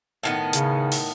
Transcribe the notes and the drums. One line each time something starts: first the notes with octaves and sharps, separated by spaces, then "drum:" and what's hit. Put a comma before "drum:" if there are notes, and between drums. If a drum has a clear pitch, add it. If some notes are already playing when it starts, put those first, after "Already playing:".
A2 D#3 B3
C#3, drum: hi-hat
drum: open hi-hat